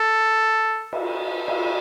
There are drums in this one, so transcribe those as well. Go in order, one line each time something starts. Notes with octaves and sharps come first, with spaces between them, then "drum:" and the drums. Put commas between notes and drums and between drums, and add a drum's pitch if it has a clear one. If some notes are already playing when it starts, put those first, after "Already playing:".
Already playing: A4
drum: cymbal
drum: cymbal